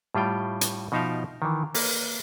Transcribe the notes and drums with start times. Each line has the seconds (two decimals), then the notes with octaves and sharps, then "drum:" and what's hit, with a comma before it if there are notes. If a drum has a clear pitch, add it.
0.15 A2 G3 F4 G5
0.61 drum: hi-hat
0.92 B2 F3 D#4 E5 F5 G5
1.42 D#3 E3
1.74 A#3 B4, drum: open hi-hat